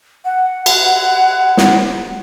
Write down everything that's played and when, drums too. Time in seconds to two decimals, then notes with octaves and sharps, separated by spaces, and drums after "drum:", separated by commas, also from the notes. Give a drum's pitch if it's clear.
0.25 F#5
0.66 F#5, drum: cymbal
1.57 drum: snare